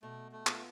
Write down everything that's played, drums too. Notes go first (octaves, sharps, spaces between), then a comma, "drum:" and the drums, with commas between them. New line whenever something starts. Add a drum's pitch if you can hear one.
B2 A3
A3
B3 F4, drum: clap